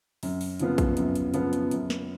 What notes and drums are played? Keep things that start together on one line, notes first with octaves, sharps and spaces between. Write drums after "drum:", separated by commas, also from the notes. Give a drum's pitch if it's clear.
F#2, drum: open hi-hat
drum: open hi-hat
C#3 F3 B3 F4, drum: hi-hat
drum: kick A#1, hi-hat
F#2, drum: hi-hat
drum: hi-hat
C#3 F3 B3 F4, drum: hi-hat
drum: hi-hat
F#2, drum: hi-hat
drum: snare